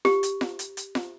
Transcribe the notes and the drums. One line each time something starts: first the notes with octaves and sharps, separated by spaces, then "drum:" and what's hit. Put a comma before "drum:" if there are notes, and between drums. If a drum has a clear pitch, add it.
G4, drum: snare F4
drum: hi-hat
drum: snare F4
drum: hi-hat
drum: hi-hat
drum: snare F4